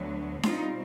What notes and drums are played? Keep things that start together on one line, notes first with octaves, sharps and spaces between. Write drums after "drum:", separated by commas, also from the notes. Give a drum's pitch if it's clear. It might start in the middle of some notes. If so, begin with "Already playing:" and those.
Already playing: D2 D3 F#3 B3
B2 G3 C4 D#4 F4, drum: snare D4